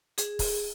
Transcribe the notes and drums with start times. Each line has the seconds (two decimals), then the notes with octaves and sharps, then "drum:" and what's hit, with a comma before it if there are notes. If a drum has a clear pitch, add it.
0.18 G#4, drum: hi-hat
0.39 drum: kick, open hi-hat